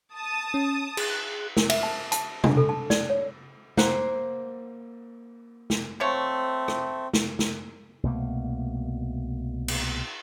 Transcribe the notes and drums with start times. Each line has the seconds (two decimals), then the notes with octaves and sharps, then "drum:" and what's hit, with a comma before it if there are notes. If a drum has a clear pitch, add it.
0.15 A5 D#6
0.54 C#4
0.97 G#4 F#6, drum: cymbal
1.57 A#4, drum: snare
1.70 E5, drum: cymbal
1.83 A5
2.12 A5, drum: hi-hat
2.44 D4, drum: tom B2
2.57 A4
2.69 A5
2.90 D5, drum: snare
3.10 C#5
3.77 A#3 C5 F#5, drum: snare
5.70 drum: snare
6.00 F3 A3 C4 C#5
6.68 drum: rim click
7.13 drum: snare
7.39 drum: snare
8.03 C2 B2 A3 A#3
9.68 drum: cymbal